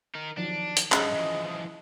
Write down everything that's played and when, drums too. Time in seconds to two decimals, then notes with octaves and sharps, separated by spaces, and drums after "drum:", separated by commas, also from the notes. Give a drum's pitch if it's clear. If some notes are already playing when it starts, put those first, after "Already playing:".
0.15 D#4 A#4
0.37 D#3 F3 F#3 D4
0.77 drum: hi-hat
0.92 G2 C#4 G#4 D#5 B5 D#6, drum: clap
1.14 E3 F3